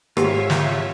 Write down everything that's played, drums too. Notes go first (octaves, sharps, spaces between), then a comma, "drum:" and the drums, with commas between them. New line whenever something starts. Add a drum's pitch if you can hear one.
G#1 F4 G4 C#5 E5, drum: rim click
drum: snare